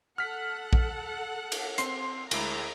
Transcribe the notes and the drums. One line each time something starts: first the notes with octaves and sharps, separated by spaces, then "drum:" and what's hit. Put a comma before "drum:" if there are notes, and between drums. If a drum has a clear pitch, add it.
A4 F#5 F6 B6
drum: kick A#1
drum: cymbal
C4 C6 C7, drum: hi-hat
D2 G#3 E4 A#5, drum: cymbal